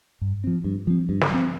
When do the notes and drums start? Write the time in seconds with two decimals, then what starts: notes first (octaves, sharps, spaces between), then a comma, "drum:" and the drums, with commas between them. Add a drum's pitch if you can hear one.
0.21 G2
0.44 F3 C4
0.64 G2
0.87 F3 C4
1.09 G2
1.21 drum: snare
1.31 F3 C4